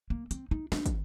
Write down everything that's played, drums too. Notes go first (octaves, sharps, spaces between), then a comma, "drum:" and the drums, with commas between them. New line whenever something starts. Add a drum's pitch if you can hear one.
A#3
C4, drum: hi-hat
D#4
D4, drum: snare
drum: kick, hi-hat